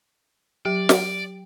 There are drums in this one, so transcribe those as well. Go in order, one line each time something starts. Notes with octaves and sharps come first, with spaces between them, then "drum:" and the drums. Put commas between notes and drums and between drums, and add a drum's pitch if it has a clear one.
F#3 G4 D5
drum: snare